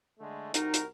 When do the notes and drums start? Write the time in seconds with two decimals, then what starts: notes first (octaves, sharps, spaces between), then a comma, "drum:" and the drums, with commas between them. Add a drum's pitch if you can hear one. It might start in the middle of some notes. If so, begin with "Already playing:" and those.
0.19 D3 G#3 A3
0.54 C2 D#4 F#4 A#4, drum: hi-hat
0.74 drum: hi-hat